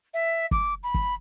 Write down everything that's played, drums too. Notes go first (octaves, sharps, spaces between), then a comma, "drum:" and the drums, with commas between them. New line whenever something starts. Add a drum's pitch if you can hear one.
E5
D6, drum: kick
B5
drum: kick